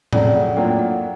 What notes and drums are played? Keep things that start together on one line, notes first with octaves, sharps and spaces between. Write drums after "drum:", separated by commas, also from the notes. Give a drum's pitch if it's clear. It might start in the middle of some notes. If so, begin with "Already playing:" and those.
F2 C#3 F#3 A3 D5, drum: tom A2
F#5
A2 F#3 A#3 D4 F4 G5
F#5